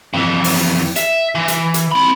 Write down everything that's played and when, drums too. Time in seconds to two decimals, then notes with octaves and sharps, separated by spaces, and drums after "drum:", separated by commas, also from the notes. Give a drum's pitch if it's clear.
0.14 F2 E3
0.44 drum: open hi-hat
0.96 E5, drum: hi-hat
1.35 E3
1.48 drum: hi-hat
1.74 drum: hi-hat
1.92 C4 B5